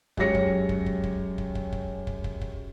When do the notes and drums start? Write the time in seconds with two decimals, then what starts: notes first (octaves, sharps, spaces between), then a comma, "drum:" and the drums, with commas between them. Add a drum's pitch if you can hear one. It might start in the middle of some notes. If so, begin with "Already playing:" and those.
0.17 F#2 G#3 G4 C#5 A#6 C#7, drum: kick
0.35 drum: kick
0.69 drum: kick
0.86 drum: kick
1.04 drum: kick
1.38 drum: kick
1.55 drum: kick
1.72 drum: kick
2.07 drum: kick
2.24 drum: kick
2.41 drum: kick